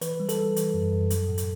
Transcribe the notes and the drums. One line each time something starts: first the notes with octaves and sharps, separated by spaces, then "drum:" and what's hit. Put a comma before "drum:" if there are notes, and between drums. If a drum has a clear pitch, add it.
E3 B4, drum: hi-hat
G3
A4, drum: hi-hat
G3
E3, drum: hi-hat
F#2
F#2
F#3, drum: hi-hat
A2
drum: hi-hat